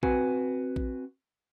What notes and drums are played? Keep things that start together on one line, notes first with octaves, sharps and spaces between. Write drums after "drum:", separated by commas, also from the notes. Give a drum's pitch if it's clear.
C4 F#4 B4 G#5, drum: kick A#1
drum: kick A#1